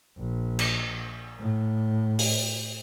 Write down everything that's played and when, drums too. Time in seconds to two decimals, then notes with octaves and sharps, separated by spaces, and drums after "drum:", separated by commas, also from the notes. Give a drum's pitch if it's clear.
0.18 A#1
0.59 drum: cymbal
1.39 A2
2.19 drum: open hi-hat